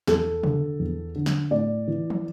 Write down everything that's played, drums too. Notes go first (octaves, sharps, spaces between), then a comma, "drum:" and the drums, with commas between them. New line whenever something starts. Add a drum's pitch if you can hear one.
E2 A4, drum: snare
D3, drum: tom B2
E2
D3
drum: snare
A2 D5
E3
drum: tom